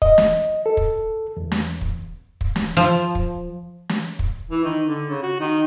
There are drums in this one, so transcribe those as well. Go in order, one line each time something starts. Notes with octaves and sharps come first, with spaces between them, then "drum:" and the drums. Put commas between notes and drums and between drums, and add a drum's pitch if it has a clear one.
D#5, drum: kick
drum: snare
A4
drum: kick
E2
drum: snare
drum: kick
drum: kick
drum: snare
F3
drum: kick
drum: snare
drum: kick
E3
D#3
D3
C#3
F#4
D#3